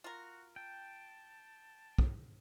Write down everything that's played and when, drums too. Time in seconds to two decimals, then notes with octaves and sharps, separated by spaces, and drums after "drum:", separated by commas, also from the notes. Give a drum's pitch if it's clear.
0.04 F4 F#4 A#4
0.56 G5 A5
1.99 drum: kick